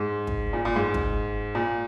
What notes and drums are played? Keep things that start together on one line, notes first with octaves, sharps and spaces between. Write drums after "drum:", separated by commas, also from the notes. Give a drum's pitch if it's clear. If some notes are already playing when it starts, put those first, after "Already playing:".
Already playing: G#2
drum: kick
A#2
A#2
G#2
drum: kick
A#2